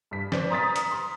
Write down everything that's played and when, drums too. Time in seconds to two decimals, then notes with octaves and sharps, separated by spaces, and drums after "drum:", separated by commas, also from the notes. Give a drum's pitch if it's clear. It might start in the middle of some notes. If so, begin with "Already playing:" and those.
0.11 G2 B6
0.32 B4 C5 D5, drum: snare
0.50 A#5 C6 D#6 F6 A6 B6
0.76 drum: hi-hat
0.91 C6